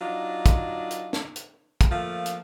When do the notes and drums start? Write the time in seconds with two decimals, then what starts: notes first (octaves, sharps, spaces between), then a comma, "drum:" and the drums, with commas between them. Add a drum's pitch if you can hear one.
0.01 F#3 D4 D#4 F4
0.46 drum: kick, hi-hat
0.91 drum: hi-hat
1.13 drum: snare
1.36 drum: hi-hat
1.81 drum: kick, hi-hat
1.91 F3 A3 A#3 F4
2.26 drum: hi-hat